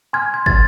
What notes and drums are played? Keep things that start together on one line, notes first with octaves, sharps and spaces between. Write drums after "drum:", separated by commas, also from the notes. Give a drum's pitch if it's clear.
G#5 C6 F6 G#6
G#6
A6, drum: kick